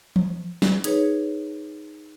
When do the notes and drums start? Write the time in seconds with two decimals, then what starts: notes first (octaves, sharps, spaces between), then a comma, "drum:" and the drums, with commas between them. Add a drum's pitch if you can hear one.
0.16 drum: tom E3
0.62 drum: snare
0.84 D#4 G#4 B4 C#5, drum: hi-hat